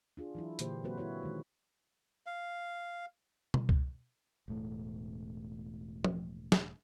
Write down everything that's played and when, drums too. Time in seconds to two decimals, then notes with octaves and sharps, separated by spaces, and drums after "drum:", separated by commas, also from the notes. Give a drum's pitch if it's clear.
0.17 D4 F4 G#4
0.35 E3 F#3 E4
0.59 A#2 D3 E3 A#3 G4 C5, drum: hi-hat
0.84 F#3 A#3 C4 F#4 B4 C5
0.97 E4 F#4 B4 C#5
1.23 D#3 G#3
2.26 F5
3.54 drum: tom B2
3.69 drum: kick
4.48 E1 A2 A3
6.04 drum: tom F3
6.52 drum: snare